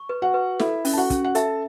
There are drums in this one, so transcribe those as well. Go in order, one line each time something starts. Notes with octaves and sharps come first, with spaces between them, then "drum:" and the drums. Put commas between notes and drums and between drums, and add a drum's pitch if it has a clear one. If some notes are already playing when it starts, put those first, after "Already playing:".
Already playing: C#6
B4
F#4 F#5
B4
E4 A4 E5, drum: snare
C#4, drum: open hi-hat
A5
F#4 F#5
C#4, drum: kick, hi-hat
F#5
A4 E5 A5, drum: hi-hat